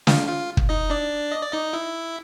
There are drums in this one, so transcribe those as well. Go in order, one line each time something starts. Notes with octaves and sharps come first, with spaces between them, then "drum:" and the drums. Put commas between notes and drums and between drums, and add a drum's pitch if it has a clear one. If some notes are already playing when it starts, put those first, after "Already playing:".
F4 F5, drum: snare
F4 F5
drum: kick
D#4 D#5
D4 D5
D#5
D5
D#4 D#5
E4 E5